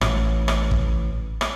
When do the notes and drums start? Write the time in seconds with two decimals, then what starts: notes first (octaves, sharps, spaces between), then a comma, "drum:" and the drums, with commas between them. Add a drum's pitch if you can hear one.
0.01 A1, drum: rim click
0.48 drum: rim click
0.71 drum: kick
1.41 drum: rim click